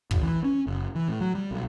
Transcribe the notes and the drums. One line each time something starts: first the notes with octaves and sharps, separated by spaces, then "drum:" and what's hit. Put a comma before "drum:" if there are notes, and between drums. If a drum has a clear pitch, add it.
G#1, drum: kick
E3
C#4
F#1
E3
A2
F#3
G3
B1